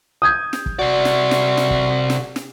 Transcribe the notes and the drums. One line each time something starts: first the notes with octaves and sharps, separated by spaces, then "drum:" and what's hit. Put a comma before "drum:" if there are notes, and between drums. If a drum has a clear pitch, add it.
D#6 G6 G#6
drum: snare
drum: kick
C3 F#4 D5
drum: snare
drum: snare
drum: snare
drum: kick
drum: snare
drum: snare